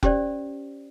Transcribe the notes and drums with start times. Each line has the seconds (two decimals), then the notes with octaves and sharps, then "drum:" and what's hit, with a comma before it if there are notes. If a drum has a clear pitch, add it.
0.03 C#4 G4 C5 D5, drum: kick F1